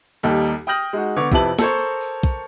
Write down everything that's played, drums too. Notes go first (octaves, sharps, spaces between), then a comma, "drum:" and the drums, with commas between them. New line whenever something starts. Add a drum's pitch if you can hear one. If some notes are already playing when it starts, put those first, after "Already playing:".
D#2 G3 A#3 D#4 A4, drum: tambourine
drum: tambourine
G5 D#6 F6 G6 A#6 F#7
G#3 D#4 F#4
D3 B3 C#5 D6
F2 C3 E4 B4 A5 F#7, drum: kick, tambourine
A4 A#4 C5 C#5, drum: snare
drum: tambourine
drum: tambourine
drum: kick, tambourine